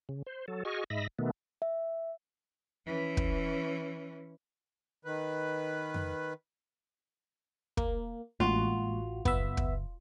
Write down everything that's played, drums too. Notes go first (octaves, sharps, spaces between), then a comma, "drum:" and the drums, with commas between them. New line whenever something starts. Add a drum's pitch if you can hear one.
C#3
C5
F#3 A4
F#4 G#4 D#5 C#6 F6
G#2 D#5 E5 B5 A#6
B2 D#3 A3 B3
E5
E3 C#4
drum: kick
D#3 B4
drum: tom F2
A#3, drum: kick
A1 G#3 A#3 F4 F#4
F#1 B3 E5, drum: kick
drum: kick